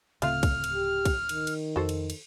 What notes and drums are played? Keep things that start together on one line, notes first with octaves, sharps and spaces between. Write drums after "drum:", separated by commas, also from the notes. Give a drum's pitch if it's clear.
D1 C#3 A3 C4 F4 F6, drum: cymbal
drum: kick, cymbal
drum: cymbal
G4
drum: kick, cymbal
D#3, drum: cymbal
drum: cymbal
F2 F#4 A4 C5
drum: cymbal
drum: cymbal